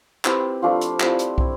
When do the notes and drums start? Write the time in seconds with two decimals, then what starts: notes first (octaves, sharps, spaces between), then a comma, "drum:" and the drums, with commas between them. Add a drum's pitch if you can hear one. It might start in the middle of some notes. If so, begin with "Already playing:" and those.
0.25 C4 E4 G4 B4, drum: clap
0.62 F3 A3 D4 F4
0.81 drum: hi-hat
1.00 G3 C4 E4, drum: clap
1.19 drum: hi-hat
1.38 C4 E4, drum: kick